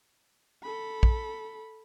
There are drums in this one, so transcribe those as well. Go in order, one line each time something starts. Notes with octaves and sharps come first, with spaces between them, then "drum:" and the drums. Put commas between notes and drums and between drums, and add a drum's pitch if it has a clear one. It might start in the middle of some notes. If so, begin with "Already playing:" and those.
A4 B5
drum: kick